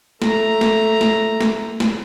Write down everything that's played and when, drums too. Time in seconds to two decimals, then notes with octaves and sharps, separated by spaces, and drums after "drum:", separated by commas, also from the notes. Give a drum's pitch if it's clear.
0.22 A3 A#5, drum: snare
0.61 drum: snare
1.01 drum: snare
1.41 drum: snare
1.80 drum: snare